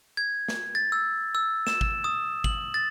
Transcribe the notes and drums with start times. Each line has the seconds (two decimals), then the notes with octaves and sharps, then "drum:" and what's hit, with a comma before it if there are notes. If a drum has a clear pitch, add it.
0.17 G#6
0.48 drum: snare
0.75 A6
0.92 E6
1.35 E6
1.67 E7, drum: snare
1.81 drum: kick
2.04 D#6
2.44 F#7, drum: kick
2.74 A6